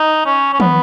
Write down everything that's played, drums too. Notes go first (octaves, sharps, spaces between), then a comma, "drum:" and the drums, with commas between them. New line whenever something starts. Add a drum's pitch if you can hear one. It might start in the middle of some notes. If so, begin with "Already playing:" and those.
Already playing: D#4
C#4
C#4
B3, drum: tom